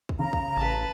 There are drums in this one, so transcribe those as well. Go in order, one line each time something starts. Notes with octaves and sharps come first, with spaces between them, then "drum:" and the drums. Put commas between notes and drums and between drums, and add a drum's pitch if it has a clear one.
drum: kick
C#3 A#5
drum: kick
A1 B4 A5